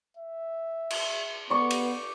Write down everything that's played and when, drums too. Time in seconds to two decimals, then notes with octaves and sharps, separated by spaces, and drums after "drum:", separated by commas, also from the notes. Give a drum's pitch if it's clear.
0.17 E5
0.90 drum: cymbal
1.50 B3 D5 C#6
1.71 drum: cymbal